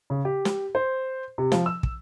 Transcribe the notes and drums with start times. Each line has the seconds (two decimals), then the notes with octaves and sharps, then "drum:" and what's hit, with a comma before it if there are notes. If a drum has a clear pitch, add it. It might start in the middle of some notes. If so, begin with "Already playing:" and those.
0.10 C#3
0.25 G4
0.45 drum: snare
0.75 C5
1.38 C3
1.52 F3, drum: snare
1.66 E6
1.83 drum: kick